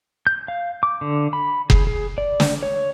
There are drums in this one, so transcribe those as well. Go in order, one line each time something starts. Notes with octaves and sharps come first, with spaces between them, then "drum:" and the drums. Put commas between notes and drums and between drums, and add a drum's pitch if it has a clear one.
G6
F5
D6
D3
B5
G#4, drum: kick F#1
G#4
D5
drum: snare
C#5